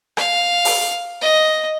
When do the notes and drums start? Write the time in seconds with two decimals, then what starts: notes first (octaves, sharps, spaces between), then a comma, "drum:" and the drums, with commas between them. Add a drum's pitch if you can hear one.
0.17 F5, drum: rim click
0.65 drum: open hi-hat
1.21 D#5